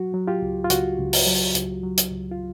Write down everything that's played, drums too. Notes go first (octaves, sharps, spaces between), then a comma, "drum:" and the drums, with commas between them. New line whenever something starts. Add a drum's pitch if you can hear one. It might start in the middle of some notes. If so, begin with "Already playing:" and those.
Already playing: F#3 F#4
F#3
F4 G4
C#2
F4
C#2 F#4, drum: hi-hat
C#2
drum: open hi-hat
F#3
C#2, drum: hi-hat
F#3
drum: hi-hat
C#2
F4